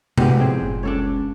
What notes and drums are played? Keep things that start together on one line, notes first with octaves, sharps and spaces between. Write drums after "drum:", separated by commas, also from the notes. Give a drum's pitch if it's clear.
B2 G#3 B3 G4, drum: tom C3
F2 A2 C4 G#4
F#1
C#2 D4 A4 C#5